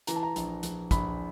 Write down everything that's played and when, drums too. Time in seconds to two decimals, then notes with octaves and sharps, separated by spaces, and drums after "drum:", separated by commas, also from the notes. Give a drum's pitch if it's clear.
0.07 E3 A#5, drum: hi-hat
0.16 A5
0.23 A#5
0.36 A#1, drum: hi-hat
0.63 A#1, drum: hi-hat
0.91 A#1 B5, drum: kick, hi-hat